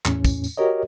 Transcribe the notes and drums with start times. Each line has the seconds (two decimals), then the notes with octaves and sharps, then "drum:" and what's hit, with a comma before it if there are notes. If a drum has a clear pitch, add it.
0.05 E2 A2 C#4, drum: clap
0.25 drum: kick, tambourine
0.44 drum: tambourine
0.57 F#4 G4 A#4 C#5 D#5